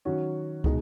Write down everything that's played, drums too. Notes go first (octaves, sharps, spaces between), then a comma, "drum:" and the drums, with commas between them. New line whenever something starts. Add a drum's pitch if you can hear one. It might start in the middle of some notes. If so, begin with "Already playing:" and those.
D#3 F#3 C#4 F#4
B2 G#3 D#4, drum: kick